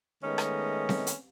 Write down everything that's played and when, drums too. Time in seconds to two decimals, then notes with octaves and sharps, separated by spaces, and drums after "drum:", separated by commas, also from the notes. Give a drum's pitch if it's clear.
0.24 D#3 G#3 A3 B3 C#4 D#5
0.38 drum: rim click
0.89 drum: snare C4
1.07 drum: hi-hat